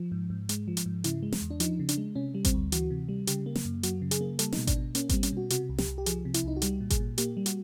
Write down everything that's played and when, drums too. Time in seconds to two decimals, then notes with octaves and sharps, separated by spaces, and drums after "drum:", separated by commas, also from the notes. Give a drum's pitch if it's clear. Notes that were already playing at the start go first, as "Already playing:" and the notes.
Already playing: F3
0.12 G#2
0.30 G#2
0.49 G#3, drum: hi-hat
0.68 F3
0.77 drum: hi-hat
0.86 G#2
1.04 C#3 E4, drum: hi-hat
1.23 G#3
1.32 drum: snare
1.42 E2
1.50 D4
1.60 F3 D#4, drum: hi-hat
1.80 C#3
1.89 D4, drum: hi-hat
1.97 G#3
2.16 C3 C#4
2.34 G3
2.45 C4, drum: kick G#1, hi-hat
2.54 D2
2.72 E3 F#4, drum: hi-hat
2.90 C3
3.09 G3
3.27 C#3 G4, drum: hi-hat
3.46 A#3
3.56 drum: snare
3.65 F#2
3.83 F#3 F#4, drum: hi-hat
4.02 C#3
4.11 G#4, drum: hi-hat
4.21 A#3
4.39 G3 A4, drum: hi-hat
4.53 D#4, drum: snare
4.58 B2
4.67 D4, drum: kick G#1, hi-hat
4.76 B2
4.95 A#3 C#4, drum: hi-hat
5.09 C4, drum: kick G#1, hi-hat
5.13 G3
5.23 C#4, drum: hi-hat
5.32 B2 F#4
5.50 C3 F#4, drum: hi-hat
5.69 C2
5.78 G4, drum: snare
5.87 C2
5.98 G4
6.06 F3 G#4, drum: hi-hat
6.25 C3
6.34 E4, drum: hi-hat
6.44 C2 D#4
6.57 F#4
6.62 G3 G4, drum: hi-hat
6.80 A#2
6.90 G#4, drum: kick G#1, hi-hat
7.00 A#2
7.18 A#3 G4, drum: hi-hat
7.37 G3
7.46 F#4, drum: hi-hat